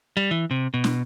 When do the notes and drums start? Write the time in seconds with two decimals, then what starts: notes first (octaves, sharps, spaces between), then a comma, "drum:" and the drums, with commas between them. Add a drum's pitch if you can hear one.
0.17 G3
0.31 E3
0.51 C3
0.74 B2
0.84 drum: snare